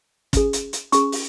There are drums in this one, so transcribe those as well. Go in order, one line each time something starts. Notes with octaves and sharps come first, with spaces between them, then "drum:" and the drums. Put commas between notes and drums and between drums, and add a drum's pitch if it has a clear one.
C#4 G#4, drum: kick, hi-hat
drum: hi-hat
drum: hi-hat
C#4 G#4 C#6, drum: hi-hat
drum: open hi-hat